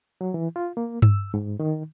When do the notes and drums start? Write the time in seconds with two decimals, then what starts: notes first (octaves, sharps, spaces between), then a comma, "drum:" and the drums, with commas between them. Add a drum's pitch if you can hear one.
0.21 F#3
0.34 E3
0.56 F4
0.77 A#3
1.02 E6, drum: tom G2
1.34 G#2
1.60 D#3